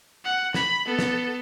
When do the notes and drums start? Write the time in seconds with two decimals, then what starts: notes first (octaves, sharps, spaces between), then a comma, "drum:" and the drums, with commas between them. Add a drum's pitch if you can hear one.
0.24 F#5
0.54 B5, drum: snare
0.85 B3 A4
0.99 drum: snare